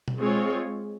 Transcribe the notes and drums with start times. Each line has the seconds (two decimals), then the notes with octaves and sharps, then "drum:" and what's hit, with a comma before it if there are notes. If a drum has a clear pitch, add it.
0.08 drum: tom B2
0.18 G#3 C4 F4 G#4 C#5